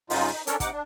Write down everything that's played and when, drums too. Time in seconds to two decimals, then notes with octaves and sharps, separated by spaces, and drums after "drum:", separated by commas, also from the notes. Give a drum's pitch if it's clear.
0.10 G2 C#3 F#3 D#4 F4, drum: open hi-hat
0.33 D#4
0.47 C#4 D4 A4 A#4 C#5, drum: hi-hat
0.60 C3 D#4 F#5 D6, drum: kick, hi-hat
0.72 D4